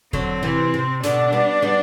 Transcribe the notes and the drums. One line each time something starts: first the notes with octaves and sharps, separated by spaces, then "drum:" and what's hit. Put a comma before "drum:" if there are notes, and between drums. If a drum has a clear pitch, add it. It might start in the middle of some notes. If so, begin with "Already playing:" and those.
D3 F#3 C4, drum: kick E1
C3 E3
C3
B2 D3 D4, drum: snare
G3 B3
G3 B3